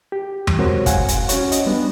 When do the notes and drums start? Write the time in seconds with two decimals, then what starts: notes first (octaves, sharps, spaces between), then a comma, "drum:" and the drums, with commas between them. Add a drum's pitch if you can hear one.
0.12 G4
0.47 drum: tom E2
0.59 G#3 C4 F#4 A#4 C5 C#5
0.86 F5 F#5 G#5, drum: kick, hi-hat
1.08 drum: hi-hat
1.29 C#4 F#4 C#5, drum: hi-hat
1.52 D#5, drum: hi-hat
1.66 G3 B3 D4